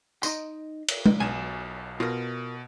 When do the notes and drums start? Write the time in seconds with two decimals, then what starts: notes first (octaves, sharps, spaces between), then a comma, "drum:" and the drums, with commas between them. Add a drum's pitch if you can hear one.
0.23 D#4 D#5 C6, drum: tambourine
0.88 drum: cymbal
1.06 drum: tom G#3
1.20 B1 B2 G#5 E7
2.00 B2 F4 A#4